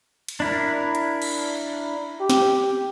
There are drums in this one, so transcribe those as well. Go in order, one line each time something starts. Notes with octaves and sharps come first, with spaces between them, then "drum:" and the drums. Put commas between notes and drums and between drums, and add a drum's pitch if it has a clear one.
drum: cymbal
D4 E4 A#4
drum: hi-hat
drum: cymbal
G4
drum: snare